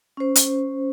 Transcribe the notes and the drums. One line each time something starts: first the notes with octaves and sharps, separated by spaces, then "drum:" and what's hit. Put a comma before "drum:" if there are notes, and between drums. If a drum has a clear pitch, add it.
C#4 C5
drum: hi-hat